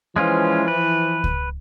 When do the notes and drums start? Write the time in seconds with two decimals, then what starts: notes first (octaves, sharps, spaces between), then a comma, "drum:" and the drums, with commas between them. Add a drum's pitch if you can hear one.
0.16 E3 F3 G#3 C#4 F4
0.68 B4
1.24 drum: kick C#2